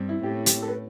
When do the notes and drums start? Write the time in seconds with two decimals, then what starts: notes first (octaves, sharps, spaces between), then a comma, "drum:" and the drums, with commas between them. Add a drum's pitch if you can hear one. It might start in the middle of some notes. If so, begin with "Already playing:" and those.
Already playing: G2 C4
0.09 E4
0.23 A2 G4
0.46 G4, drum: hi-hat
0.62 A4
0.68 B4